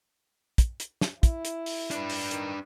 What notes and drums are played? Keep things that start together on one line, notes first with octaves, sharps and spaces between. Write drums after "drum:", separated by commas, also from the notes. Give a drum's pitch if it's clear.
drum: kick, hi-hat
drum: hi-hat
drum: snare
E4, drum: kick, hi-hat
drum: hi-hat
drum: open hi-hat
D4 B4, drum: hi-hat
drum: open hi-hat
D#3, drum: hi-hat